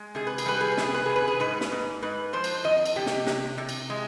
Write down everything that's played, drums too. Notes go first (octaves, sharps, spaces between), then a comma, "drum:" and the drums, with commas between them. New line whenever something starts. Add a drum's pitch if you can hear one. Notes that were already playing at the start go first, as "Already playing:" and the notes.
Already playing: G#3
C3 G#4
B4
G#4, drum: cymbal
G3 B4
G#4
B4
C3 G#4, drum: snare
B4
C3 G#4
B4
G#4
G#2 B4
drum: snare
G#2
G#2 B4
F3 C5
drum: cymbal
F2 D#5
drum: cymbal
C3 G4
drum: snare
C3, drum: snare
C3
drum: cymbal
G#3